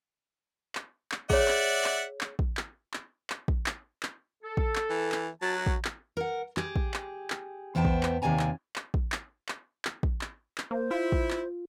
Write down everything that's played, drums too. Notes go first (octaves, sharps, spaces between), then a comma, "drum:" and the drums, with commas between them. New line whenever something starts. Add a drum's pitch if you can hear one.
drum: clap
drum: clap
G#4 C#5 D5 E5 F#5, drum: kick
drum: clap
drum: clap
drum: clap
drum: kick
drum: clap
drum: clap
drum: clap
drum: kick
drum: clap
drum: clap
A4
drum: kick
drum: clap
E3
drum: clap
F#3 A5
F#4
drum: kick
drum: clap
A#4 F#5
G4 G#4, drum: clap
drum: kick
drum: clap
drum: clap
E2 B3 C5 G5 A5
drum: kick
drum: clap
D#2 C3 D5 G#5 A#5
drum: clap
drum: clap
drum: kick
drum: clap
drum: clap
drum: clap
drum: kick
drum: clap
drum: clap
A#3 C5
E4 F4
drum: kick
drum: clap